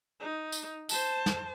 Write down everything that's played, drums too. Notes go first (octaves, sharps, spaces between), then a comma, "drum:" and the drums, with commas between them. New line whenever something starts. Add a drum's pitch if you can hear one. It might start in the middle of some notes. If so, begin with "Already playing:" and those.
D#4
drum: tambourine
C5 A5, drum: tambourine
drum: snare